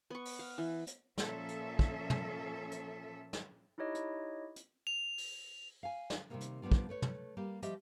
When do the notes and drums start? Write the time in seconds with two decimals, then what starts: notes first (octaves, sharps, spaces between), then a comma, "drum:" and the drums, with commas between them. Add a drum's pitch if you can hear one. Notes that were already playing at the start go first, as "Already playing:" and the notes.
0.10 B3 C#6
0.25 drum: open hi-hat
0.39 F5
0.58 E3
0.87 drum: hi-hat
1.18 A#2 F3 C#4 A4 E5, drum: snare
1.48 drum: hi-hat
1.79 drum: kick
2.10 drum: tom
2.71 drum: hi-hat
3.33 drum: snare
3.78 D#4 E4 G4 C#5 D#5
3.95 drum: hi-hat
4.56 drum: hi-hat
4.87 F7
5.18 drum: open hi-hat
5.83 F5 G#5
6.10 drum: snare
6.30 C3 D#3 F3 G3 A3 A#3
6.41 drum: hi-hat
6.62 F3 G3 B3 D4 F4
6.72 drum: kick
6.89 A3 B4 C#5
7.02 drum: tom
7.37 G3 A#3 G4
7.62 F3 G3 G4 D#5 E5, drum: hi-hat